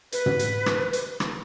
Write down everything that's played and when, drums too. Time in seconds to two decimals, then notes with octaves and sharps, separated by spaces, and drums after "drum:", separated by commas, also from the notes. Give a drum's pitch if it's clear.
0.12 B4, drum: hi-hat
0.26 drum: tom
0.39 drum: hi-hat
0.66 drum: rim click
0.93 drum: hi-hat
1.20 drum: rim click